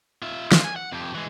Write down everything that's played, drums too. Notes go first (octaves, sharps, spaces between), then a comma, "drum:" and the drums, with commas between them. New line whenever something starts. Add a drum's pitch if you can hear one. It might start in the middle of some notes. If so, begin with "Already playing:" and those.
F4 E5
F4, drum: snare
G#5
F#5
F2 G4
E3 G#3